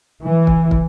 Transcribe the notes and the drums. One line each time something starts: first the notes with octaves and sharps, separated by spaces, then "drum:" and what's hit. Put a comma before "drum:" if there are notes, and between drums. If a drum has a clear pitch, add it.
E3
drum: kick
drum: kick